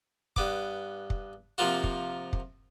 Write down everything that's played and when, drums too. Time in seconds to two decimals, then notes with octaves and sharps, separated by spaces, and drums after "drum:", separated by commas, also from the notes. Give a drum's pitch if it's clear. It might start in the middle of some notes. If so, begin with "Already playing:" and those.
0.36 G2 B3 D6, drum: kick
1.10 drum: kick
1.58 C3 F3 A#3 F4 F#4
1.84 drum: kick
2.33 drum: kick